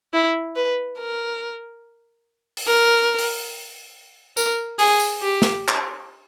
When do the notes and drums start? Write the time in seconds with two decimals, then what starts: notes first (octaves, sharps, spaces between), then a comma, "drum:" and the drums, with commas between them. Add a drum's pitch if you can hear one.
0.14 E4
0.56 B4
0.99 A#4
2.57 drum: open hi-hat
2.67 A#4
3.18 drum: open hi-hat
4.37 A#4, drum: tambourine
4.79 G#4, drum: open hi-hat
5.00 drum: tambourine
5.22 G4
5.42 drum: snare
5.68 drum: clap